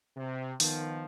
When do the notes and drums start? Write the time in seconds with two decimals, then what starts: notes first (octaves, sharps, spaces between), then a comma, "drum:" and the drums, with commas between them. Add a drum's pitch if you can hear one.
0.17 C3
0.60 D#3 F3 B3, drum: open hi-hat